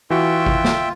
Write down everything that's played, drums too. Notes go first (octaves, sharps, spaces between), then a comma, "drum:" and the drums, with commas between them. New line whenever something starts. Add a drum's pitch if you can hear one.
E3 F4 F#4 E5 G5
drum: kick G#1
drum: snare